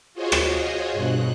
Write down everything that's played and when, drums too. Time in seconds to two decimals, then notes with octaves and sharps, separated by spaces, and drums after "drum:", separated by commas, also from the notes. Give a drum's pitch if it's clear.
0.14 F4 F#4 G#4 C5 C#5 D#5
0.32 drum: rim click
0.92 G2 B2 F#6